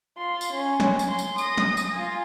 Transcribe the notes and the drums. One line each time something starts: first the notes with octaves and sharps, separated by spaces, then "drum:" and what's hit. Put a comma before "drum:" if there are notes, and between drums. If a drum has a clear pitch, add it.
F4 C6
drum: tambourine
C#4
drum: snare
drum: tambourine
C6
drum: tambourine
D#6 A#6, drum: tambourine
drum: snare
drum: tambourine
F4 G#5